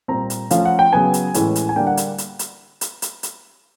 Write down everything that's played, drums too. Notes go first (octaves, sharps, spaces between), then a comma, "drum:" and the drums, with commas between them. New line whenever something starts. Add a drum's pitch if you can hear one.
A#2 G3 C4 A#5
drum: hi-hat
F3 A3 C#4 F5, drum: hi-hat
F#5
G5
C#3 F#3 B3 G#5
drum: hi-hat
A2 E3 G#3 C#4, drum: hi-hat
drum: hi-hat
G#5
D3 G3 A#3 D4 G5
F#5
drum: hi-hat
drum: hi-hat
drum: hi-hat
drum: hi-hat
drum: hi-hat
drum: hi-hat